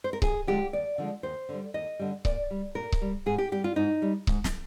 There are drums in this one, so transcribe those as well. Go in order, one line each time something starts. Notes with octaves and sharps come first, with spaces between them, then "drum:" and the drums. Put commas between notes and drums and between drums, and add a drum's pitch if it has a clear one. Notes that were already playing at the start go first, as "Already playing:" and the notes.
C5
A#4
D#2 G#4, drum: kick C#1
D3 F3 G#3 G4
D#2 D5
D3 F3 G#3
D#2 C5
D3 G3
D#2 D#5
D3 G3
A#2 D5, drum: kick C#1
G3
A#2 A#4
drum: kick C#1
G3
G#2 G#4
G4
G3 G4
F4
G#2 D#4
G3
G#2, drum: kick C#1
drum: snare